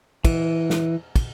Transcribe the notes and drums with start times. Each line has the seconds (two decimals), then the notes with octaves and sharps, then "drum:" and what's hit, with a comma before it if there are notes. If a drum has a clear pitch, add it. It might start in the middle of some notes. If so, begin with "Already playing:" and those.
0.25 E3, drum: kick, cymbal
0.70 drum: snare
1.16 drum: kick, cymbal